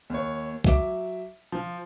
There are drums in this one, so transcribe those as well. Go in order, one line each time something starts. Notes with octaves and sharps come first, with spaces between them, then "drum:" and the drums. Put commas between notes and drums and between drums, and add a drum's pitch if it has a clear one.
D#2 C#5
F#3 E5 D6, drum: kick
F3